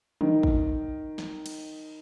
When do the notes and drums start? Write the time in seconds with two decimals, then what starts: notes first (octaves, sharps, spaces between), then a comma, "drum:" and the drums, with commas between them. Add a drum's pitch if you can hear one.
0.21 D#3, drum: tom
0.43 drum: kick
1.18 drum: snare
1.46 drum: cymbal